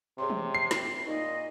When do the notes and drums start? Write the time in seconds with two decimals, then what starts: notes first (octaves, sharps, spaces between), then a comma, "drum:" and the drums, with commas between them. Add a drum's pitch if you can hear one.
0.18 C3 G#4 C#5 C6
0.30 drum: tom E3
0.55 C7
0.71 drum: snare
1.06 A#2 D#4 D#5